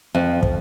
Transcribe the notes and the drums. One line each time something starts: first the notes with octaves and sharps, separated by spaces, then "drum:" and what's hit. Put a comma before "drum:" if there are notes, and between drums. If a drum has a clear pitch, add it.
F2
drum: kick